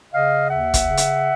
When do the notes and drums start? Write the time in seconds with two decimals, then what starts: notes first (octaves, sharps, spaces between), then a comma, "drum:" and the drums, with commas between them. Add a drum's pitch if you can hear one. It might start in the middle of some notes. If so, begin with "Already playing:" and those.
0.14 C#3 D#5 F5
0.49 D#2 E5 F#5
0.74 drum: kick, hi-hat
0.86 C#3
0.97 drum: hi-hat